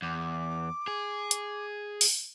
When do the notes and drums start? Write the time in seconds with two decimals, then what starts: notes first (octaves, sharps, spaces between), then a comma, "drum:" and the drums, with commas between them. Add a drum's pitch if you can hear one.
0.02 E2 D6
0.88 G#4
1.31 drum: hi-hat
2.01 drum: open hi-hat